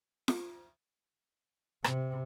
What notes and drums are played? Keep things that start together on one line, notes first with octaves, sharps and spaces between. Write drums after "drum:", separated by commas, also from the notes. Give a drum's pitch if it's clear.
drum: snare F4
C3, drum: rim click